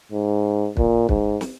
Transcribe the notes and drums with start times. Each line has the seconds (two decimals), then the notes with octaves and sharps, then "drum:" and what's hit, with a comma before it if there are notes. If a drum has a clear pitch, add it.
0.12 G#2
0.77 A#2, drum: kick
1.09 G#2, drum: kick
1.41 drum: snare